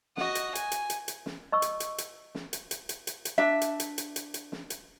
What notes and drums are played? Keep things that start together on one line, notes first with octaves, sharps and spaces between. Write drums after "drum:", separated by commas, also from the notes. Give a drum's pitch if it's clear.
F#4 D#5, drum: snare
drum: hi-hat
G#5, drum: hi-hat
drum: hi-hat
drum: hi-hat
drum: hi-hat
drum: snare
D#5 C#6 E6
drum: hi-hat
drum: hi-hat
drum: hi-hat
drum: snare
drum: hi-hat
drum: hi-hat
drum: hi-hat
drum: hi-hat
drum: hi-hat
D4 E5
drum: hi-hat
drum: hi-hat
drum: hi-hat
drum: hi-hat
drum: hi-hat
drum: snare
drum: hi-hat